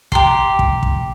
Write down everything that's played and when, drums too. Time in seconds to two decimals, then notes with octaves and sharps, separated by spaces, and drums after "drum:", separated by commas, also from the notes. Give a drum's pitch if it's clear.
0.12 G4 A#5 C6, drum: kick
0.59 drum: kick
0.83 drum: kick